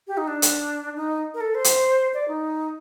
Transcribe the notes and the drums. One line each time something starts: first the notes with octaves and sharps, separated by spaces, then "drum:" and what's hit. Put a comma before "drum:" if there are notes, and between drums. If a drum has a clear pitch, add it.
G4
D#4
D4
drum: hi-hat
D#4
A#4
A4
C5
drum: hi-hat
D5
D#4